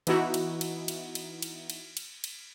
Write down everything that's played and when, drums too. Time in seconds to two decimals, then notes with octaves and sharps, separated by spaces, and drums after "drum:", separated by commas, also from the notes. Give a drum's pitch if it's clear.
0.07 E3 B3 D#4 E4 F#4, drum: cymbal
0.34 drum: cymbal
0.61 drum: cymbal
0.88 drum: cymbal
1.15 drum: cymbal
1.42 drum: cymbal
1.70 drum: cymbal
1.97 drum: cymbal
2.24 drum: cymbal